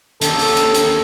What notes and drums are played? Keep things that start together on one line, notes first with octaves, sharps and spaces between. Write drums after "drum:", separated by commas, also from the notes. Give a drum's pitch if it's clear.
D#2 A4, drum: hi-hat
drum: open hi-hat
drum: hi-hat
drum: hi-hat